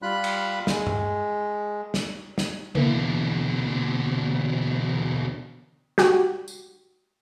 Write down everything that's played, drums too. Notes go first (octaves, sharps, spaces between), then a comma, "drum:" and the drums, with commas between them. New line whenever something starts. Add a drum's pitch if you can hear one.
G3 F4 B5 F#6
drum: cymbal
G#3, drum: snare
drum: tom G2
drum: snare
drum: snare
B2 D3 E3 A#3, drum: tom C#3
F#4 G4, drum: snare
drum: tambourine